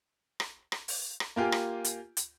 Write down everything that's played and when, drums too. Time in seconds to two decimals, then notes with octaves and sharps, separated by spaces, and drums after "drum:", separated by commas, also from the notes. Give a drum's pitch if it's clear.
0.40 drum: rim click
0.72 drum: rim click
0.88 drum: open hi-hat
1.20 drum: rim click
1.36 A#3 F4 G4 G#5
1.52 drum: rim click
1.84 drum: hi-hat
2.17 drum: hi-hat